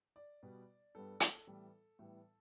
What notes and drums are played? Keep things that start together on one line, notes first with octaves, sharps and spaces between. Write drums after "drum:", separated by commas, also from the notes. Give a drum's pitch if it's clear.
D5
B2 G3 B3
G2 G3 B3 A4
A4, drum: hi-hat
A2 E3 G3 B3
A2 E3 G3 B3